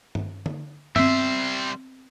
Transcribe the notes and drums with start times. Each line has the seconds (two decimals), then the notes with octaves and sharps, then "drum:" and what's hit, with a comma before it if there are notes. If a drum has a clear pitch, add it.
0.15 drum: tom G2
0.46 drum: tom D3
0.96 G3 B3 C4 C5 E5, drum: tom G2